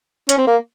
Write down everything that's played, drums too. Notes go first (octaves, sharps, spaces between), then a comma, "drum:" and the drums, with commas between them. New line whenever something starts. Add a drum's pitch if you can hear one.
C#4, drum: hi-hat
C4
A#3